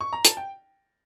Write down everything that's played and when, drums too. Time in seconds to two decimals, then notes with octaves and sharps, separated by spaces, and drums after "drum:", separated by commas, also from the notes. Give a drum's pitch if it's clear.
0.01 C#6
0.13 A#5
0.25 A5, drum: hi-hat
0.37 G5